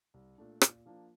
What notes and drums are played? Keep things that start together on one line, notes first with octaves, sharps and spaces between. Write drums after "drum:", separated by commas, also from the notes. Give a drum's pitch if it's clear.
C2
A#2 A3 D4
A#2, drum: rim click
F3 A#3 D4